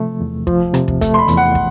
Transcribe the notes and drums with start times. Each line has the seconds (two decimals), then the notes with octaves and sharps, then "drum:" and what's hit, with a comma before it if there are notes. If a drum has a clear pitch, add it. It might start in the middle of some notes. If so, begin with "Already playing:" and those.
Already playing: C3 F3 A3
0.20 E2
0.47 F3, drum: kick
0.74 C3, drum: rim click
0.88 drum: kick
1.01 A3, drum: kick, hi-hat
1.14 C6
1.19 B5
1.28 E2, drum: hi-hat
1.37 F#5
1.55 drum: kick